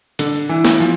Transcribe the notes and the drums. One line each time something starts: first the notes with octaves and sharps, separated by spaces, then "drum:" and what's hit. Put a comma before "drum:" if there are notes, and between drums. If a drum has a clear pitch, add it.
D3, drum: hi-hat
E3
drum: snare
F3